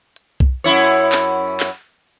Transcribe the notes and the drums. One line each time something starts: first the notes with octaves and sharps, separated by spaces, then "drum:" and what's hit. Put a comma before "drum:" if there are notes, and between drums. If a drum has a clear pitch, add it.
drum: hi-hat
drum: kick B1
F#2 E4 C#5
drum: clap
drum: clap